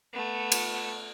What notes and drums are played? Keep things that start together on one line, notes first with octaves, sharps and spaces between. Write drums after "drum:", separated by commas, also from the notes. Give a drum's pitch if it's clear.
A3 B3
drum: cymbal